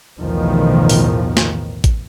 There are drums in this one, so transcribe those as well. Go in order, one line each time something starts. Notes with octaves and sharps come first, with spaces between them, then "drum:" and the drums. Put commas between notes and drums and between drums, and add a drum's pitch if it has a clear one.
B1 E2 A2 D#3 F3
drum: open hi-hat
drum: snare
drum: kick A1, hi-hat